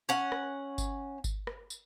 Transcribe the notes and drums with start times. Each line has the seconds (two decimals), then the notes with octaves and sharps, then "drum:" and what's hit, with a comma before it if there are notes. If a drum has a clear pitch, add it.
0.09 C#4 F#5
0.32 drum: rim click
0.78 drum: kick G1, tambourine
1.24 drum: kick G1, tambourine
1.47 drum: rim click
1.70 drum: tambourine